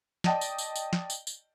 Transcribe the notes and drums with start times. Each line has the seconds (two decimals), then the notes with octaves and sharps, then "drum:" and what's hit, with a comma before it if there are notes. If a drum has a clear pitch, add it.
0.24 D5 D#5 G5 A5, drum: snare
0.41 drum: tambourine
0.58 drum: tambourine
0.76 drum: tambourine
0.93 drum: snare
1.10 drum: tambourine
1.27 drum: tambourine